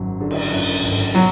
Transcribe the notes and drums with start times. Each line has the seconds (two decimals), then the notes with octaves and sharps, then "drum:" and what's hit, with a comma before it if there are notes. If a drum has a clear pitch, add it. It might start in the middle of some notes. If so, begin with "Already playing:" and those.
Already playing: G#1 F#2 F#3
0.21 D3
0.31 drum: cymbal
0.52 F#2
0.83 G#1
1.14 B2 F#3